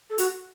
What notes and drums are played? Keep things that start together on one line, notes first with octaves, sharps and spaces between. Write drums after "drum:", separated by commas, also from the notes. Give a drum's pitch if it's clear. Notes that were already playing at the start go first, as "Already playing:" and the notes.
A4
F#4, drum: hi-hat